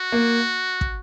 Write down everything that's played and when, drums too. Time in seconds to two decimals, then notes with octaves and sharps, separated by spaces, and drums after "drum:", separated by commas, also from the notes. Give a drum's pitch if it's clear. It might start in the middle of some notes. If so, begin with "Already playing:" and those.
Already playing: F#4
0.12 A#3
0.81 drum: kick